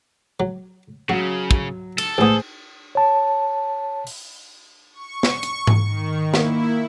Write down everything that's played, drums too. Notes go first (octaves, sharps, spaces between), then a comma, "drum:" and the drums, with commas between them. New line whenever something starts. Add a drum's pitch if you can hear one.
F#3
C#3 F#3 F#4
drum: kick
A4, drum: cymbal
A1 B3 G#4 C5 D#6
C#5 A5
drum: open hi-hat
C#6
drum: snare
drum: hi-hat
drum: tom G#2
D#3
A#3 E4, drum: snare